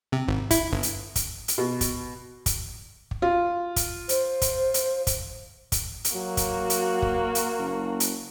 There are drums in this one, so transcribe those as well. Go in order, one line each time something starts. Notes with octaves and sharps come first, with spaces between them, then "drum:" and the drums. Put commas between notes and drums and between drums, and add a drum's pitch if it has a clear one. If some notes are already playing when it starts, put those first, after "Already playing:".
C3
G#1
E4, drum: kick, hi-hat
G1
drum: hi-hat
drum: kick, hi-hat
drum: hi-hat
B2
drum: kick, hi-hat
drum: kick, hi-hat
drum: kick
F4
drum: kick, hi-hat
C5, drum: hi-hat
drum: kick, hi-hat
drum: hi-hat
drum: kick, hi-hat
drum: kick, hi-hat
drum: hi-hat
F#3 A#3 F#4
drum: kick, hi-hat
drum: hi-hat
drum: kick
drum: hi-hat
F#1
drum: hi-hat